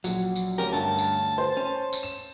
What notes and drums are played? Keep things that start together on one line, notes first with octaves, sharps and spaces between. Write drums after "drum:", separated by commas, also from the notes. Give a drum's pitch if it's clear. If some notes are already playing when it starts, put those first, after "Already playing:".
A#1 F#3, drum: tambourine
drum: tambourine
D2 C#4 G4 A#4
G2 A5
drum: tambourine
C5
C#4
drum: tambourine
E7